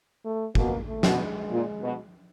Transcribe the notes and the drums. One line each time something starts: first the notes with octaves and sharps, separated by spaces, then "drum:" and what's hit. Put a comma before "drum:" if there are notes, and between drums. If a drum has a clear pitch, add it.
A3
B2 A#3, drum: kick
A3
B2, drum: snare
G#3
A#2
B2